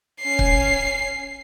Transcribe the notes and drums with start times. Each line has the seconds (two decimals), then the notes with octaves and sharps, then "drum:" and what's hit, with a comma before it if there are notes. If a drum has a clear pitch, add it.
0.21 C#4 C7
0.39 drum: kick